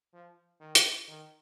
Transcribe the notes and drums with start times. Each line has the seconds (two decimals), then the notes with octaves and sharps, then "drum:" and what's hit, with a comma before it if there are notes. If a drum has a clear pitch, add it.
0.13 F3
0.60 D#3
0.75 drum: hi-hat
1.08 D#3